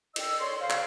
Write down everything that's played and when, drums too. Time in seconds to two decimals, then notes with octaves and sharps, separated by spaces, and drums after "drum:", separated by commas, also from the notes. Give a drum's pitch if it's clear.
0.16 A4 D#5 G5 E6, drum: cymbal
0.41 A4 C#5 D5 C6
0.61 C#3 C5 F5
0.70 drum: clap